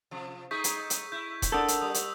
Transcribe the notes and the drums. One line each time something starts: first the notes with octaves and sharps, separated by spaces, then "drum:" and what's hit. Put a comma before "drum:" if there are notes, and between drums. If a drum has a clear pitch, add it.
C3 F3
A3 D#4 G#4 C#6 G6 B6
drum: hi-hat
drum: hi-hat
E4 G6
drum: kick D#1, hi-hat
D4 A4 A#4 F#5 D#6 E6 G6
drum: hi-hat
G3 D#6
drum: hi-hat